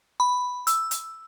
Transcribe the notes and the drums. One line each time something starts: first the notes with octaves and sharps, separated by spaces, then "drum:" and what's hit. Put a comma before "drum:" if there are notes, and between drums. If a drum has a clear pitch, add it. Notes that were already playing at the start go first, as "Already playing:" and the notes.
B5
E6, drum: hi-hat
drum: hi-hat